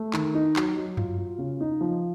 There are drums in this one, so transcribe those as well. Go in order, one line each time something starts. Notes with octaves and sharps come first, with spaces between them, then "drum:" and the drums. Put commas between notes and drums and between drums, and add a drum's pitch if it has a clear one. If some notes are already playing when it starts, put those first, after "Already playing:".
Already playing: A3
D#3, drum: clap
D#4
F#3, drum: clap
F#3
F4, drum: tom F#2
F4
C#3
D#4
F3